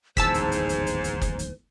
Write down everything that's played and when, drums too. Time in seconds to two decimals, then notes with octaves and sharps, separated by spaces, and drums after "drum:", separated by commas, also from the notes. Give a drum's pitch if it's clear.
0.17 D1 G#1 E2 G#2 C5 A5 E6 B6, drum: kick F#1, hi-hat
0.34 drum: hi-hat
0.52 drum: hi-hat
0.69 drum: hi-hat
0.87 drum: hi-hat
1.04 drum: hi-hat
1.22 drum: kick F#1, hi-hat
1.39 drum: hi-hat